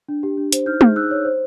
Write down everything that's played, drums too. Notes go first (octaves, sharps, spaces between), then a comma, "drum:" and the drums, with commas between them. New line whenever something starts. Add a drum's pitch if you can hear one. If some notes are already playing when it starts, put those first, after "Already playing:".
D4
G4
D4
C5, drum: hi-hat
D#4 F6 G6
G#4, drum: tom G#3
D#4 E6 F#6
C#5
C5